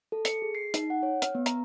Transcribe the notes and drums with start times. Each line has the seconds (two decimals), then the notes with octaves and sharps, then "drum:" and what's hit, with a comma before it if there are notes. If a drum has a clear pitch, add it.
0.12 A4
0.25 C#7, drum: hi-hat
0.42 G#4
0.55 C7
0.74 D#4, drum: hi-hat
0.90 F#5
1.03 C#5
1.22 F6, drum: hi-hat
1.35 B3
1.46 A#5, drum: hi-hat